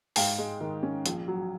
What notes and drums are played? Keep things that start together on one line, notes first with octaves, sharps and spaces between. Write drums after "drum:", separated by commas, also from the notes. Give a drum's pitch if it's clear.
G#2 F5 G5, drum: open hi-hat
G#3
D#3
C#4
A#1, drum: hi-hat
F#3